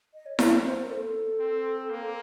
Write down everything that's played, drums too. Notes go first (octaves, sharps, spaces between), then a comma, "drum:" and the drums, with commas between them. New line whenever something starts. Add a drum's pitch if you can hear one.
D#5
C#5
C5, drum: snare E4
A#4
A4
C4
A#3